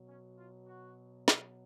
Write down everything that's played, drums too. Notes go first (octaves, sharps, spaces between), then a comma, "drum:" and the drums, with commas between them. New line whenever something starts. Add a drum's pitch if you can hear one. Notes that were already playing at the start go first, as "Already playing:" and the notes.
Already playing: B2 F#3
C#4
F4
F#4
drum: snare